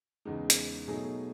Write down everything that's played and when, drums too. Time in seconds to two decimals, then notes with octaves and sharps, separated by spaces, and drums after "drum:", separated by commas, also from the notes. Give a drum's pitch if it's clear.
0.25 E2 C#3 G#3 D#4
0.50 drum: hi-hat
0.88 B2 F#3 A3 D#4 G#4